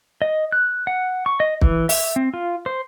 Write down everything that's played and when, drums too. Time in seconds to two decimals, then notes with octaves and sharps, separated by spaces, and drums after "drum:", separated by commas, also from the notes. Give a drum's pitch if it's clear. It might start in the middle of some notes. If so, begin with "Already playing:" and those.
0.22 D#5
0.52 F#6
0.87 F#5
1.26 C#6
1.40 D#5
1.61 E3, drum: kick
1.89 E5, drum: open hi-hat
2.16 C4
2.34 F4
2.66 C5